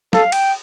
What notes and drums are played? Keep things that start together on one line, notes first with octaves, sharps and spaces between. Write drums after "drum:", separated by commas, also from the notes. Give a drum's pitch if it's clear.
A4 F5, drum: snare
G5, drum: cymbal